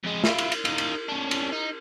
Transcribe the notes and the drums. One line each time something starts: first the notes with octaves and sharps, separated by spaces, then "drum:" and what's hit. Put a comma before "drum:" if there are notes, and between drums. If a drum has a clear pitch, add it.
F2 G#3
E4 F4, drum: snare
drum: cymbal
drum: cymbal
D#4 F4, drum: cymbal
drum: cymbal
C#4 D4
drum: cymbal
D#4